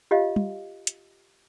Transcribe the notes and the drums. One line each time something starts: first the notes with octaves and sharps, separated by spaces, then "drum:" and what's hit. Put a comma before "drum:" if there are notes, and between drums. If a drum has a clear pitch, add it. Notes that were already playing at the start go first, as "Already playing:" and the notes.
F4 G4 D#5 F5
drum: tom
drum: hi-hat